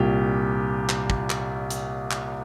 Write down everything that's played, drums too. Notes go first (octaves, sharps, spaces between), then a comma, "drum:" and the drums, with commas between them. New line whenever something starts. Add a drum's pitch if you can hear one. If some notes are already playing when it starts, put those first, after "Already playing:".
Already playing: C2 A#2 G4
drum: clap
drum: kick
drum: clap
drum: hi-hat
drum: clap